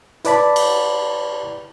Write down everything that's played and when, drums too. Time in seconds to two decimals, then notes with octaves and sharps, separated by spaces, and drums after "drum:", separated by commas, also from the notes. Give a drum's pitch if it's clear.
0.25 E4 B4 D5 A5 B5, drum: hi-hat
0.56 drum: cymbal